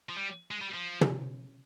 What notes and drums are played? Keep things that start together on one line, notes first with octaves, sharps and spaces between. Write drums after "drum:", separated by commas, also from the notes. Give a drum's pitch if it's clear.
F3
G3
G#3
G3
F3
drum: tom